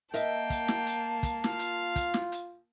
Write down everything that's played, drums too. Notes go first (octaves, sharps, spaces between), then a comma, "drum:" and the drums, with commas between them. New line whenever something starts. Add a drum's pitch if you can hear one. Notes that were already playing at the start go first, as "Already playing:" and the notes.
A#3 A#4 D#5 E5 G5 A5, drum: hi-hat
drum: kick, hi-hat
drum: snare
drum: hi-hat
drum: kick, hi-hat
F4 F5, drum: snare
drum: hi-hat
drum: kick, hi-hat
drum: snare
drum: hi-hat